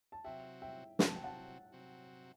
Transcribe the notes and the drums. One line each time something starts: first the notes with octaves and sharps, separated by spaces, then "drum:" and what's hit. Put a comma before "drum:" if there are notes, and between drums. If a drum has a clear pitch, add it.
A5
C3 F#3 C4 F#4 E5 G5
E5 G5
C3 F#3 C4 F#4, drum: snare
A5
G5
F#5 A5
C3 F#3 C4 F#4